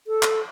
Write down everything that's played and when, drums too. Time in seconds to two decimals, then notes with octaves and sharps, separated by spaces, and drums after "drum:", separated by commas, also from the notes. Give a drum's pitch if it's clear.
0.07 A4
0.23 drum: clap